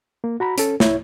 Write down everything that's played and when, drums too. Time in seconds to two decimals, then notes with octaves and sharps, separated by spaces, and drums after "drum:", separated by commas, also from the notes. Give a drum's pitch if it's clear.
0.24 A#3
0.40 F#4 A#5 B5
0.58 C#4 A4, drum: hi-hat
0.80 C2 E4 C#5, drum: snare